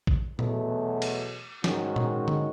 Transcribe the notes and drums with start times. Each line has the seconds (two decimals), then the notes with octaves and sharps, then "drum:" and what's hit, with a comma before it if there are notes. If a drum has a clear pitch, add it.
0.07 drum: kick A#1
0.39 E2 B2 F#3 A3, drum: tom A#2
1.02 drum: cymbal
1.64 G#2 D#3 G#3 C#4 F#4, drum: snare
1.96 drum: tom A#2
2.28 drum: tom D3